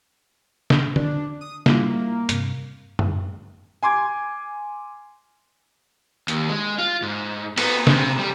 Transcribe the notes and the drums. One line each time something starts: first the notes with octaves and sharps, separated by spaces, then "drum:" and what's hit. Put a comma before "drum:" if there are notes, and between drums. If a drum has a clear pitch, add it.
drum: snare
D4, drum: tom D3
D#6
G3 A#3 E4 F4, drum: snare
G2 C3, drum: hi-hat
drum: tom F#2
G#5 C6 D6 G#6
D#2, drum: hi-hat
G#3
F4
G#2
B3, drum: cymbal
C3, drum: snare
G3